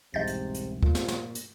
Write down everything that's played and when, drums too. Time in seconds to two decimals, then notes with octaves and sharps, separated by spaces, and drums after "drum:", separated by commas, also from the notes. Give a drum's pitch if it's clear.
0.14 E1 C2 G#2 C3 D#5 G6 A6
0.27 drum: hi-hat
0.54 drum: hi-hat
0.83 A#2 F4, drum: kick
0.95 drum: snare
1.08 drum: snare
1.35 drum: hi-hat